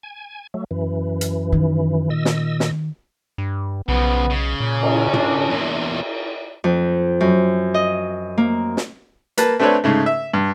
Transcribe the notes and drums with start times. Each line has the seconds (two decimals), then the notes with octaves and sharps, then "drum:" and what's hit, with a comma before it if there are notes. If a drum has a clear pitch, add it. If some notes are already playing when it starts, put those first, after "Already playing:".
0.03 G#5
0.54 F#3 A3
0.71 F#2 E3
1.21 drum: hi-hat
1.52 D#3
2.10 A#2 D#5 E6
2.25 drum: snare
2.60 drum: snare
3.38 G2
3.88 B1 C#3 F3 B3
4.30 C#3
4.60 A#2 C#4
4.83 drum: cymbal
5.14 D4, drum: tom
5.49 E2 A#2
6.64 F2
7.21 F#2
7.74 D#5
8.38 A#3
8.77 drum: snare
9.37 A#3 B4 A5, drum: hi-hat
9.59 A3 C4 D4 A4 B4 C#5
9.84 G#2 C#3 A3
10.06 E5
10.34 G2